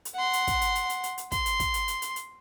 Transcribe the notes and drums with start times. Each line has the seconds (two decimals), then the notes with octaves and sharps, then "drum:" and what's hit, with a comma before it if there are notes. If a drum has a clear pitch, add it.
0.05 drum: hi-hat
0.14 F#5 C6
0.33 drum: hi-hat
0.47 drum: kick, hi-hat
0.61 drum: hi-hat
0.75 drum: hi-hat
0.90 drum: hi-hat
1.04 drum: hi-hat
1.18 drum: hi-hat
1.32 C6, drum: kick, hi-hat
1.46 drum: hi-hat
1.60 drum: kick, hi-hat
1.74 drum: hi-hat
1.88 drum: hi-hat
2.02 drum: hi-hat
2.16 drum: hi-hat